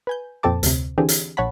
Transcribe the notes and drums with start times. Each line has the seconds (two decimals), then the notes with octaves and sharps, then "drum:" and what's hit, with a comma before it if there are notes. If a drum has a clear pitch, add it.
0.07 B4 G#5 G6
0.43 F2 A#2 C4 A4 A5 D6
0.63 D2 C3, drum: hi-hat
0.98 D3 E3 C4 D4 G4 G#4
1.09 drum: hi-hat
1.37 A#1 C#5 F#5 A5 B5